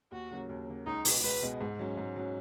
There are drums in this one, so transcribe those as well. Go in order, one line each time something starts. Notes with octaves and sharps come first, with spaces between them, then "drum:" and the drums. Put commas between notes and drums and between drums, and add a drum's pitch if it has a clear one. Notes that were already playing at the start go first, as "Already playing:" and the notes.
D#2 F#4
C#3 F#3 A#3
D#2
C#3 F#3 A#3
C#2 D#4
B2 G#3 B3, drum: open hi-hat
C#2 B4
B2 G#3 B3
G#2
F#3 C#4
G#2
F#3 C#4